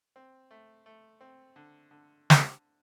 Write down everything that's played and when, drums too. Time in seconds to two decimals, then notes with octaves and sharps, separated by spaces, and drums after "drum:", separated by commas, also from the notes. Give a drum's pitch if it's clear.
0.16 C4
0.51 A3
0.86 A3
1.21 C4
1.56 D3
1.91 D3
2.30 drum: snare